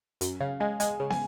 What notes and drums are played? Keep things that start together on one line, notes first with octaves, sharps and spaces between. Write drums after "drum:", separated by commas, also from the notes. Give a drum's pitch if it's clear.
F#2, drum: hi-hat
C#3 F5
G#3 G#5
G#3 G#5, drum: hi-hat
C#3
G#5, drum: snare